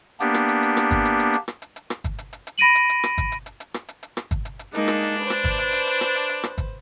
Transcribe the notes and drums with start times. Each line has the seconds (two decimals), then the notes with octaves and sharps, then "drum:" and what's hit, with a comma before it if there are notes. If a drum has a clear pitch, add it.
0.20 A#3 B3 D4 G4, drum: hi-hat
0.34 drum: rim click
0.49 drum: hi-hat
0.63 drum: hi-hat
0.77 drum: rim click
0.91 drum: kick, hi-hat
1.05 drum: hi-hat
1.19 drum: hi-hat
1.34 drum: hi-hat
1.48 drum: rim click
1.62 drum: hi-hat
1.76 drum: hi-hat
1.90 drum: rim click
2.04 drum: kick, hi-hat
2.19 drum: hi-hat
2.33 drum: hi-hat
2.47 drum: hi-hat
2.58 B5 A#6 D7 D#7 F#7
2.75 drum: hi-hat
2.89 drum: hi-hat
3.03 drum: rim click
3.18 drum: kick, hi-hat
3.32 drum: hi-hat
3.46 drum: hi-hat
3.60 drum: hi-hat
3.74 drum: rim click
3.88 drum: hi-hat
4.03 drum: hi-hat
4.17 drum: rim click
4.31 drum: kick, hi-hat
4.45 drum: hi-hat
4.59 drum: hi-hat
4.75 G#3 A#3 D4 D#4, drum: hi-hat
4.88 drum: rim click
5.02 drum: hi-hat
5.20 B4 C5
5.30 drum: rim click
5.44 drum: kick, hi-hat
5.58 drum: hi-hat
5.73 drum: hi-hat
5.87 drum: hi-hat
6.01 drum: rim click
6.15 drum: hi-hat
6.29 drum: hi-hat
6.43 drum: rim click
6.58 drum: kick, hi-hat